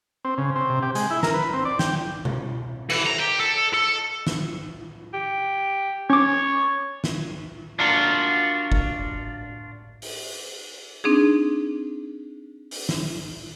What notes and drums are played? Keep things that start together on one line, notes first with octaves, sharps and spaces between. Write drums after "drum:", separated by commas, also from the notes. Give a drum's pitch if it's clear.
C4
C#3
C4
C3
G4
G#3, drum: hi-hat
E4
A#4, drum: snare
B4
C4
D5
G5, drum: snare
drum: tom B2
E3, drum: cymbal
A#5
G4
A4
A4
drum: snare
G4
C#4 C#5 D6
drum: snare
D4 F4 F#4 A#4
drum: kick
drum: open hi-hat
C4 D4 D#4 G#4
drum: open hi-hat
drum: snare